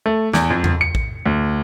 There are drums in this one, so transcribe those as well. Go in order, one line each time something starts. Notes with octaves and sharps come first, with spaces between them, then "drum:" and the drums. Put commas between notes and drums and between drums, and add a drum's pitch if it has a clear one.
A3
E2, drum: snare
F2
drum: tom E2
C#7
drum: kick A#1
D2